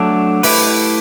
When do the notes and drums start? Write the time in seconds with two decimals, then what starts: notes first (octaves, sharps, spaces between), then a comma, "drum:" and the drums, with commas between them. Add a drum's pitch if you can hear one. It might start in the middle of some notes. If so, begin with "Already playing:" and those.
Already playing: F#3 A3 D4
0.43 A3 E4 G4 B4, drum: open hi-hat